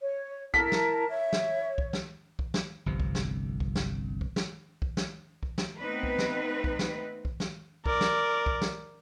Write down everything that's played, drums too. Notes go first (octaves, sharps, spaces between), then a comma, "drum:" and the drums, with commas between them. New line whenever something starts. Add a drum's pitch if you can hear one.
C#5
E4 A#4 A5 B6, drum: kick C2
drum: snare
C#5 E5
drum: snare
drum: kick C2
drum: snare
drum: kick C2
drum: snare
G1 C2 C3 F3
drum: kick C2
drum: snare
drum: kick C2
drum: snare
drum: kick C2
drum: snare
drum: kick C2
drum: snare
drum: kick C2
drum: snare
A3 B3 C4 D#4 B4
drum: kick C2
drum: snare
drum: kick C2
drum: snare
drum: kick C2
drum: snare
A#4 D5, drum: kick C2
drum: snare
drum: kick C2
drum: snare